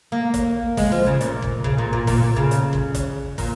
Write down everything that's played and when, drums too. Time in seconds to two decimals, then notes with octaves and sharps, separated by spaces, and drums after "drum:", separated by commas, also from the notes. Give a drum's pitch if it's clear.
0.12 A#3
0.34 drum: kick, hi-hat
0.77 G#3, drum: kick, open hi-hat
0.92 F3
1.06 C#3
1.21 A#2, drum: hi-hat
1.42 drum: kick
1.64 C#3, drum: kick
1.78 A#2
1.93 A#2
2.07 A#2, drum: kick, open hi-hat
2.22 A#2
2.36 C#3
2.51 drum: hi-hat
2.73 drum: kick
2.95 drum: kick, hi-hat
3.38 A#2, drum: kick, open hi-hat